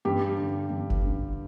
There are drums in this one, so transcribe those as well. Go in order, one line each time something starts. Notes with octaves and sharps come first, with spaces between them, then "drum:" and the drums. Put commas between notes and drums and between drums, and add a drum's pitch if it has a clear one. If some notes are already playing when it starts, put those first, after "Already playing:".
G2 G4
D3
G2
drum: kick F1
D3